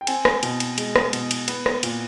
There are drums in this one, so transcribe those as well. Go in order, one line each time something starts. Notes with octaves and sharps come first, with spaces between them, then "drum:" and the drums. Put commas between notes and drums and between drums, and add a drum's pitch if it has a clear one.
G5
C4 G#5, drum: cymbal
drum: rim click
B2, drum: cymbal
drum: cymbal
G#3, drum: cymbal
drum: rim click
B2, drum: cymbal
drum: cymbal
B3, drum: cymbal
drum: rim click
A#2, drum: cymbal